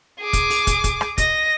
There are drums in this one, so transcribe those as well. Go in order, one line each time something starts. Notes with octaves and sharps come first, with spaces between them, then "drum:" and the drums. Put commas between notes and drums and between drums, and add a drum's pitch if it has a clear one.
G#4 D6
drum: kick, hi-hat
drum: open hi-hat
drum: kick, hi-hat
drum: kick, hi-hat
drum: rim click
D#5 A#6, drum: kick, hi-hat